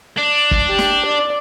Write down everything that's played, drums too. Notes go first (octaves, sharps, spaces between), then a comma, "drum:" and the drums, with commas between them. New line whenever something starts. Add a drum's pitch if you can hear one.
D4
drum: kick
G4
drum: snare
D5